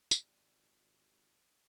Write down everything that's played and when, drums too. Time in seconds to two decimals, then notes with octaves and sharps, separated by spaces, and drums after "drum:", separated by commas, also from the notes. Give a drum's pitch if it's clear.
0.11 G#1 F4 G4 D5, drum: tambourine